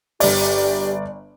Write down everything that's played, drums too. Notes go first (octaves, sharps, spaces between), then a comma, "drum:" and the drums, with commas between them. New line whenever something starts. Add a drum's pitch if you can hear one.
G1 G4 D5, drum: open hi-hat